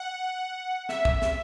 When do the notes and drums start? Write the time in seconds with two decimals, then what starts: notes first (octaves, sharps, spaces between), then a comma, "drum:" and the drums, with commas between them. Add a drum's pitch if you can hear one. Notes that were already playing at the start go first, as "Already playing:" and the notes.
Already playing: F#5
0.89 E5, drum: snare
1.05 drum: kick
1.22 drum: snare